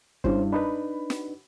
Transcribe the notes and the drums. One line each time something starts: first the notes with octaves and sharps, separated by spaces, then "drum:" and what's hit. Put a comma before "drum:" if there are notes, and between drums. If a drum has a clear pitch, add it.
G2 C#4 E4 C5, drum: kick
D4 D#4 B4 B5
drum: snare